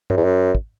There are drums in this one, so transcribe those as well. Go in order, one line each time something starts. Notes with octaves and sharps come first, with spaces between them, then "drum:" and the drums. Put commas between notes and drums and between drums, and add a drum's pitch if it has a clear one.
F#2, drum: tom G2
E2
F#2
drum: kick